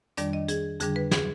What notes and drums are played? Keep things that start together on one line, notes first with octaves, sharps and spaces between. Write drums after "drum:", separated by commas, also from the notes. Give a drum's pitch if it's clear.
F2 D#3 G3 D4 D5, drum: hi-hat
D#5
G#4, drum: hi-hat
F2 D3 G3 D4 G#4, drum: hi-hat
B4
G#4, drum: snare